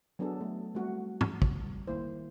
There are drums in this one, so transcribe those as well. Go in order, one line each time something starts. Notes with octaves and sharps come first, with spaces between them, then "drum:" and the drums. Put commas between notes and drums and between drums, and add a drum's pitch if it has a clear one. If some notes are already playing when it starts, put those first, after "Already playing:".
F#3 B3 D4 G#4 A4
A3
G3 A3 C4 F#4
drum: tom
drum: kick
G3
D#3 A#3 E4 C5